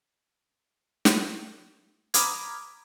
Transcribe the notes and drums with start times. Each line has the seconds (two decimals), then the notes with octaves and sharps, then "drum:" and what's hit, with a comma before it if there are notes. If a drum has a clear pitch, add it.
1.05 drum: snare
2.14 A#5 B5 D6 D#6 F6 G#6, drum: hi-hat